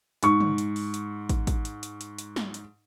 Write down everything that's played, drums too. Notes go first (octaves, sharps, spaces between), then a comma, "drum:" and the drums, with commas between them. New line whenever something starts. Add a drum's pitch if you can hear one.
G#2 C#6, drum: hi-hat
drum: tom
drum: hi-hat
drum: open hi-hat
drum: hi-hat
drum: kick, hi-hat
drum: kick, hi-hat
drum: hi-hat
drum: hi-hat
drum: hi-hat
drum: hi-hat
drum: snare
drum: hi-hat